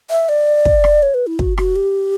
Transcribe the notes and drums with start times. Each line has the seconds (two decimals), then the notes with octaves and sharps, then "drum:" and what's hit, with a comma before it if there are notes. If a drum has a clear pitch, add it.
0.10 E5
0.29 D5
0.65 drum: kick
0.84 drum: rim click
1.03 C#5
1.14 B4
1.27 E4
1.39 F#4, drum: kick
1.58 F#4, drum: rim click
1.76 G4